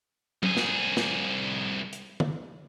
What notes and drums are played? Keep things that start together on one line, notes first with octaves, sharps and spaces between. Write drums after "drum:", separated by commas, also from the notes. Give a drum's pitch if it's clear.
C2 G#4, drum: tom F#3
drum: snare
drum: snare
drum: hi-hat
drum: tom D3